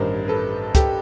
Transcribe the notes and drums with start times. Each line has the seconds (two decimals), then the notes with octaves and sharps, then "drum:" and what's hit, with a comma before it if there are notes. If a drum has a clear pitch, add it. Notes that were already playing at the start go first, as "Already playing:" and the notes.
Already playing: A1 G2 D#3 A#4 C5
0.28 A4 B4
0.75 G4 A4, drum: kick, hi-hat